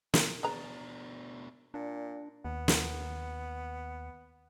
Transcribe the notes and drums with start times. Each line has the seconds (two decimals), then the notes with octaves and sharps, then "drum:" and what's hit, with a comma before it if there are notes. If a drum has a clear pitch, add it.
0.14 B3, drum: snare
0.43 B2 D4 G#4 B4 A#5
1.74 A#2 D4
2.45 D#2 B3
2.68 drum: snare